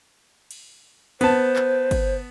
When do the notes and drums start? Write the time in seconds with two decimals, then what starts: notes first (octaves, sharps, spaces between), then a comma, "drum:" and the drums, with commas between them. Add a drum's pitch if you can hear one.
0.51 drum: cymbal
1.21 B3 C5 A5, drum: cymbal
1.56 drum: clap
1.91 drum: kick, cymbal